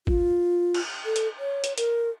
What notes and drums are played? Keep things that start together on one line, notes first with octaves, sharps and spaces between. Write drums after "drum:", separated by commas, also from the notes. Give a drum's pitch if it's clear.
F4, drum: kick
drum: cymbal
A4
drum: hi-hat
C#5
drum: hi-hat
A#4, drum: hi-hat